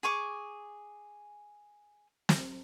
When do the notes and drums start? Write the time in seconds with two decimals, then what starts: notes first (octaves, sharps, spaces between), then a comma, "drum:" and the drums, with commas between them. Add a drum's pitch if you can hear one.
0.03 G#4 G#5 C#6 D6
2.29 drum: snare